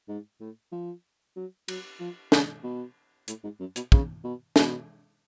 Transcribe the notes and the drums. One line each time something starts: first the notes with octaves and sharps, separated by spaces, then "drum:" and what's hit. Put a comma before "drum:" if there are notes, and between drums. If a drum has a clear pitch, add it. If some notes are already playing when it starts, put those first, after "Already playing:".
G#2
A2
F3
F#3
F#3, drum: cymbal
F3
C#3, drum: snare
B2
A2, drum: hi-hat
G#2
F#2
B2, drum: hi-hat
C#3, drum: kick
B2
B2, drum: snare